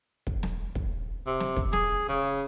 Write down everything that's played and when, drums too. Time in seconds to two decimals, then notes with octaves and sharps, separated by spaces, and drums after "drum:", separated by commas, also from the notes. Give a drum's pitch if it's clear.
0.27 drum: kick
0.43 drum: snare
0.75 drum: kick
1.27 C3
1.40 drum: snare
1.57 drum: kick
1.73 G#4, drum: snare
2.09 C#3